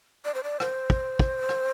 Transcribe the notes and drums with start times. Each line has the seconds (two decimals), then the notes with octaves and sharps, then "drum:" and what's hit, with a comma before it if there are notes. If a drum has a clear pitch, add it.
0.25 D5
0.35 C5
0.44 D5
0.60 C5, drum: rim click
0.90 drum: kick
1.19 drum: kick
1.49 drum: rim click